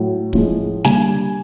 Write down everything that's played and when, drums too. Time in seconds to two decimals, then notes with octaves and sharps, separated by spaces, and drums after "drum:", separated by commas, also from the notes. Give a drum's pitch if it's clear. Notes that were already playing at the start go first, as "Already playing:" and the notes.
Already playing: A2 F#3 A3
0.33 A2 F3 G#3, drum: kick
0.84 D3 G3 A#3 G#5, drum: snare